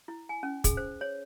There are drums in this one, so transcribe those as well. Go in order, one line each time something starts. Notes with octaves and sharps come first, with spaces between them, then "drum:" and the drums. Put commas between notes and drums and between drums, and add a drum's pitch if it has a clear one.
E4
G#5
C#4
G#4, drum: kick, hi-hat
C5
C#5